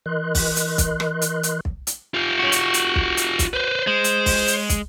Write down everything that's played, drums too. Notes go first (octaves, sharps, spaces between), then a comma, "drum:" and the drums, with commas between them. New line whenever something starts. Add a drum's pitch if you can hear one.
E3 A#4 D#5 C6 F#6
drum: kick, open hi-hat
drum: hi-hat
drum: kick, hi-hat
drum: rim click
drum: hi-hat
drum: hi-hat
drum: kick
drum: hi-hat
F4 G4
C#4 F#4
F#4, drum: hi-hat
drum: hi-hat
drum: kick
drum: hi-hat
drum: kick, hi-hat
B4 C5
G#3 C5
drum: hi-hat
drum: kick, open hi-hat
drum: hi-hat
drum: kick, hi-hat